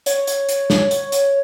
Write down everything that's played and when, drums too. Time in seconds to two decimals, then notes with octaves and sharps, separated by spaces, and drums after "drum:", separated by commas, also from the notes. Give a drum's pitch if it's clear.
0.06 C#5, drum: hi-hat
0.27 drum: hi-hat
0.49 drum: hi-hat
0.70 drum: snare
0.91 drum: hi-hat
1.12 drum: hi-hat